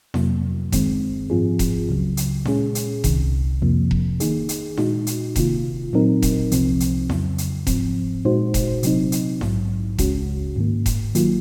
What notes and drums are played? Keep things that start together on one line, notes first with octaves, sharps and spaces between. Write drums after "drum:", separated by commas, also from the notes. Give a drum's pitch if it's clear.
F2 C3 F#3 A#3, drum: snare E4
F#2 D#3 G#3 C4, drum: kick E1, hi-hat
G#2 F3 C4 F4 G#4
drum: kick E1, hi-hat
C#2 C#3 F#3
drum: hi-hat
A#2 G#3 C#4 G#4, drum: snare E4
drum: hi-hat
C2 C3 D#3, drum: kick E1, hi-hat
F2 C3 F3 A#3
drum: kick E1
D#3 A#3 D#4 G#4, drum: hi-hat
drum: hi-hat
A#2 G#3 D#4 F#4, drum: snare E4
drum: hi-hat
C3 D#3 A#3 F4, drum: kick E1, hi-hat
A#2 F#3 C4 D#4 A#4
drum: kick E1, hi-hat
C2 C3 F3 C4, drum: hi-hat
drum: hi-hat
F2 C#3 F#3, drum: snare E4
drum: hi-hat
G#2 F3 C4, drum: kick E1, hi-hat
A#2 G#3 D#4 F#4 C5
drum: kick E1, hi-hat
C3 F#3 C4 D#4, drum: hi-hat
drum: hi-hat
A#1 G#2 F#3, drum: snare E4
C#2 C#3 G#3 C#4 F#4, drum: kick E1, hi-hat
G#2 D#3 A#3
drum: kick E1, hi-hat
D#3 F#3 A#3 F4, drum: hi-hat